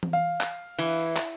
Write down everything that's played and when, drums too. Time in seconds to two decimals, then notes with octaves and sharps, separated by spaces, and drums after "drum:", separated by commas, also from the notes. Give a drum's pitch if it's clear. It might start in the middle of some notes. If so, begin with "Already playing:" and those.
0.03 drum: tom E3
0.13 F5
0.41 drum: clap
0.79 E3, drum: cymbal
1.16 drum: clap